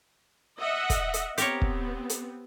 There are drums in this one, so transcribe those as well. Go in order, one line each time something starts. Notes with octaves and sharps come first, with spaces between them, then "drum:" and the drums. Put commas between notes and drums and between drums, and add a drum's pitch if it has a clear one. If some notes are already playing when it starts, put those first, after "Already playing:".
D#5 E5 F#5
drum: kick, hi-hat
drum: hi-hat
B3 C4 G4 A#4 C#5, drum: hi-hat
drum: kick
drum: hi-hat